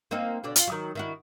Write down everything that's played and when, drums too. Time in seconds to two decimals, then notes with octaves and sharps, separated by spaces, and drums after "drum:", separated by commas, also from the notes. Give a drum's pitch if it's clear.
0.11 A#3 C4 D#4
0.44 B2 D3 D5
0.56 F4, drum: hi-hat
0.67 D#3 F#3
0.95 D#3 E4 F#4